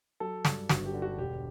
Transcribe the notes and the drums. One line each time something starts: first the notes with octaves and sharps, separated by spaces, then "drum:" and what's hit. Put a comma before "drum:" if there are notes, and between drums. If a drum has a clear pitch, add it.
F#3 A4
G2, drum: snare
G1 F#4, drum: snare
G4
D3
F#4
E1 G4